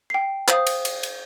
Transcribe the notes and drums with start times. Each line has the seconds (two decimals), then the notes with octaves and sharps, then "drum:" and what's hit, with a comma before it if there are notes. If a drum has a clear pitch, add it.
0.10 G5 C7
0.48 C5 F5 D#6, drum: clap
0.67 drum: cymbal
0.85 drum: cymbal
1.03 drum: cymbal